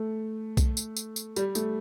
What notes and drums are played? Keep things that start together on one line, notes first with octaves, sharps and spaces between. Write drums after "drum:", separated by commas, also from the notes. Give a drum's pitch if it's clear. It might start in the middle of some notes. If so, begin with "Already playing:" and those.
Already playing: A3
drum: kick B1, tambourine
drum: tambourine
drum: tambourine
drum: tambourine
G3, drum: tambourine
A3, drum: tambourine